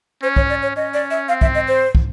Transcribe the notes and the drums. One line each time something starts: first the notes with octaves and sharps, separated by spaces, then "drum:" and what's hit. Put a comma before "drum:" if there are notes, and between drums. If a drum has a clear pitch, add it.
C#4 C5
C#5, drum: kick
D5
C#5
C#4 D#5
D5
E5
C4 F5
E5, drum: kick
D#5
C5
drum: kick